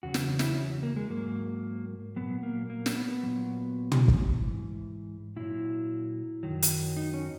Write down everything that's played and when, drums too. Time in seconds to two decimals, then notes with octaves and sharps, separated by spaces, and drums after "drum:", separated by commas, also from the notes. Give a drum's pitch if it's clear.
0.03 E2 C#3 F#3 F#4
0.14 drum: snare
0.39 E4, drum: snare
0.56 C#4
0.83 A#3
0.96 G#3
1.10 G#2 F#3 A#3
2.16 A#2 F#3 B3
2.43 A#3
2.70 A#3
2.86 drum: snare
2.96 B3
3.23 A#2 F#3
3.92 drum: tom
4.08 drum: kick
4.30 G#2 E3
5.36 A#2 F#3 E4
6.43 F#2 D#3 F#3
6.62 drum: hi-hat
6.97 D#4
7.14 C#4